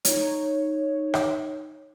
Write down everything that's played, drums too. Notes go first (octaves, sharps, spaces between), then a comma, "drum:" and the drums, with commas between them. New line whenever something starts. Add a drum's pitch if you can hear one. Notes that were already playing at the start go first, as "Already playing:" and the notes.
D#4 C#5, drum: hi-hat
drum: rim click